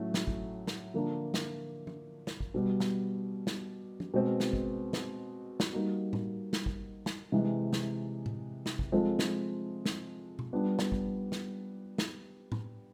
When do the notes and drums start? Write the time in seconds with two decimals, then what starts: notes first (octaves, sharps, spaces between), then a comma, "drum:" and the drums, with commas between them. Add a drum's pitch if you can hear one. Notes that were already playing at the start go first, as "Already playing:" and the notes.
Already playing: A2 F#3 A3 C#4 F#4
0.14 drum: snare
0.27 drum: kick G#1
0.67 drum: snare
0.94 D3 F3 A#3 D4 F4
1.34 drum: snare
1.87 drum: tom
2.27 drum: snare
2.40 drum: kick G#1
2.54 B2 G3 B3
2.80 drum: snare
3.47 drum: snare
4.00 drum: tom
4.14 B2 G#3 C4
4.40 drum: snare
4.53 drum: kick G#1
4.93 drum: snare
5.60 drum: snare
5.73 G3 A#3 D#4 F#4
6.13 drum: tom A2
6.53 drum: snare
6.66 drum: kick G#1
7.06 drum: snare
7.32 C3 E3 G#3
7.73 drum: snare
8.26 drum: tom A2
8.66 drum: snare
8.79 drum: kick G#1
8.92 F3 G#3 C4 F4 A4
9.19 drum: snare
9.86 drum: snare
10.39 drum: tom B2
10.52 G3 B3 D4 F4
10.79 drum: snare
10.92 drum: kick G#1
11.32 drum: snare
11.98 drum: snare
12.52 drum: tom A2